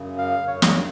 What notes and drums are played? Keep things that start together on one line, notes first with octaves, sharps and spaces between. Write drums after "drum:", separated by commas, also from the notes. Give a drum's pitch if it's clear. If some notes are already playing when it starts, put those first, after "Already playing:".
Already playing: F#2 C#3
F5
F#2 C#3 C#5
drum: snare